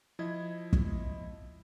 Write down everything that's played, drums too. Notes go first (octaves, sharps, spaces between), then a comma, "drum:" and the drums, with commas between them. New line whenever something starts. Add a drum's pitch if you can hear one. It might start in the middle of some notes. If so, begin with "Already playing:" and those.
F3 E4 D#5 G#6
drum: kick